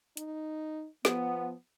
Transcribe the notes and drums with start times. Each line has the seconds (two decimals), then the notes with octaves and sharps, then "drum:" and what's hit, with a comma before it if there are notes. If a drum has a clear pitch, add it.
0.17 D#4, drum: hi-hat
1.05 F3 B3, drum: snare